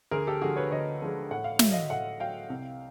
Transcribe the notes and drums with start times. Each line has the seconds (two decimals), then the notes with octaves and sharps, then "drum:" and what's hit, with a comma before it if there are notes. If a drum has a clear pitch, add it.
0.11 D2 G#4 A#4
0.27 G4 A4
0.42 D3 F3 G#3 F#4 G#4
0.56 B4 C#5
0.71 D2 C#5 D#5
1.02 D3 F3 G#3
1.31 A2 F#5
1.44 F5
1.59 F#3 E5, drum: snare
1.72 D#5 F5
1.90 A2 E5 F#5
2.20 F#3 F5 G5
2.50 C2